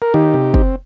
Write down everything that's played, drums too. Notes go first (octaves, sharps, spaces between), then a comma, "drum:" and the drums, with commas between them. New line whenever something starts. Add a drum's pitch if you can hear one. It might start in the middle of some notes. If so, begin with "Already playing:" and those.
A#4
D#3 D#4 G4
C3
C4, drum: kick